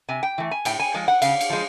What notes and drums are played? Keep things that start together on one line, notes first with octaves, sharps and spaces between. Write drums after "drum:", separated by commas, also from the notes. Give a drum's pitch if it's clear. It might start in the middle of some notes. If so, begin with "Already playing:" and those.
C3 G#5
G5
E3 A3
G#5
A2 G5, drum: cymbal
G#5
F3 G#3
F#5
C#3 F5, drum: cymbal
drum: cymbal
F3 G#3